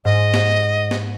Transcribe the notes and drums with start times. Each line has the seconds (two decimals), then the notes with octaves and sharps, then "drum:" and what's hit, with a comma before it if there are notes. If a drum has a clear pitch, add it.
0.05 G#2 D#5
0.34 drum: snare
0.91 drum: snare